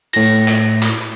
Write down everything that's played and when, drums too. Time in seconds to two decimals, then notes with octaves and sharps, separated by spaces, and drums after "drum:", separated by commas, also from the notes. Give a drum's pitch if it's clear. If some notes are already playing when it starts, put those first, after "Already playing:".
0.13 A2 A#6, drum: cymbal
0.48 drum: clap
0.83 drum: clap